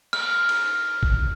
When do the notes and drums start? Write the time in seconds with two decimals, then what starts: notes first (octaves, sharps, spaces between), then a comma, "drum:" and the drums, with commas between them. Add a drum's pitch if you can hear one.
0.13 F6, drum: cymbal
0.49 drum: cymbal
1.03 drum: kick